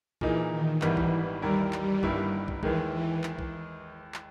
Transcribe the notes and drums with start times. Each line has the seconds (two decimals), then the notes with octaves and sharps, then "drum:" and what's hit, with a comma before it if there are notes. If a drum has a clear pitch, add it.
0.21 A#2 E3 A#3 D#4 G#4, drum: kick
0.52 D#3
0.82 G#1 G#2 D#3 E3 G3 B3, drum: clap
0.97 drum: kick
1.42 D#2 D#3 G3 A#3 E4 A#4
1.73 G3, drum: clap
2.03 G1 G2 D#3 A#3 E4, drum: kick
2.48 drum: kick
2.63 D#2 D#3 E3 G#3, drum: kick
2.93 E3
3.24 drum: clap
3.39 drum: kick
4.14 drum: clap